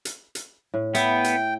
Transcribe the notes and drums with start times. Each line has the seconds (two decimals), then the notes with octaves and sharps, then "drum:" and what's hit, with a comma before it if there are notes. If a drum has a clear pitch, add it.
0.05 drum: hi-hat
0.35 drum: hi-hat
0.74 A2
0.95 B3 E4 G5, drum: hi-hat
1.24 drum: hi-hat